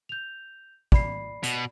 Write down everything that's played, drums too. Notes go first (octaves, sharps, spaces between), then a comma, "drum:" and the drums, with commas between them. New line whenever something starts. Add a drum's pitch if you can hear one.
G6 F7
D5 B5 C7, drum: kick
B2, drum: hi-hat